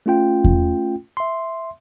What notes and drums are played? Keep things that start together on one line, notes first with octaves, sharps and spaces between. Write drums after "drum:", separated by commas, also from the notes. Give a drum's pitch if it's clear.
A3 C#4 F4 G5
drum: kick E2
E5 C6